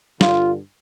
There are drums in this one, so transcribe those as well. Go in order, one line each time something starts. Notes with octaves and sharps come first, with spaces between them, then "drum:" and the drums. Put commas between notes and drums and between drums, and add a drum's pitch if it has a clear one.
G2 D3 F4, drum: snare